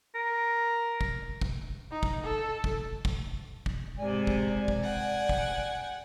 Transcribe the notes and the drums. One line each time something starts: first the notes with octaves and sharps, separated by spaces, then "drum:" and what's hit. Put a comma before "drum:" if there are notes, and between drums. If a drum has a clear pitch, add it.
A#4
drum: kick
drum: kick
D#4
drum: kick
A4
drum: kick
drum: kick
drum: kick
G#2 C3 D5 G#5
drum: kick
drum: kick
F#5 G5
drum: kick